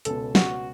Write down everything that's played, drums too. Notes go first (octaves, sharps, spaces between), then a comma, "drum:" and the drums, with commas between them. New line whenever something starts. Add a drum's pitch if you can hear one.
C#2 B2 A4, drum: hi-hat
F#4, drum: snare